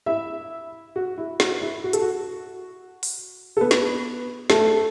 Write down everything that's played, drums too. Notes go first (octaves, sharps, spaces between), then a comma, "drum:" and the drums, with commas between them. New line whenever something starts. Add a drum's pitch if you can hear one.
E4 E5
F#4
E4
F#4, drum: snare
E4
F#4
A4, drum: hi-hat
F#4
drum: open hi-hat
A4
B3 B4
drum: snare
A3 A4, drum: snare